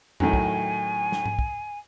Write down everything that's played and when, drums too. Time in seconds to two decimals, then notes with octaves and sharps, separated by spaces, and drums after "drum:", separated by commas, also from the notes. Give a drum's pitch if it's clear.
0.20 A2 D#3 F#3 G#5, drum: tom E2
0.33 drum: kick
1.12 drum: snare
1.25 drum: tom G#2
1.39 drum: kick